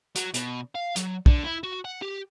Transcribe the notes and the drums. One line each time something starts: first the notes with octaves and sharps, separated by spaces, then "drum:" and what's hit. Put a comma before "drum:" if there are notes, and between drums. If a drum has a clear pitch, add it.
F#3, drum: hi-hat
B2, drum: hi-hat
F5
F#3, drum: hi-hat
D3, drum: kick
E4
F#4
F#5
G4